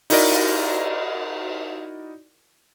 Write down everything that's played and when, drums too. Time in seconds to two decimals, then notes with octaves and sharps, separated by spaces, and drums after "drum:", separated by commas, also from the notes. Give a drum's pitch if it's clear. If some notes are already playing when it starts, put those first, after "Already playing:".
0.10 D#4 E4 F#4 A#4 D5 D#5, drum: open hi-hat
0.32 drum: cymbal